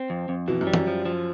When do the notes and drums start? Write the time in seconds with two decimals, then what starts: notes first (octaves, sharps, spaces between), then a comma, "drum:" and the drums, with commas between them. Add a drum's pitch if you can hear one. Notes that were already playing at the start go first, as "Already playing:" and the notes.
Already playing: C4
0.10 F2
0.29 F2
0.48 B2 E3
0.61 F#2
0.67 G3
0.74 F#2, drum: tom
0.87 F3
1.05 F3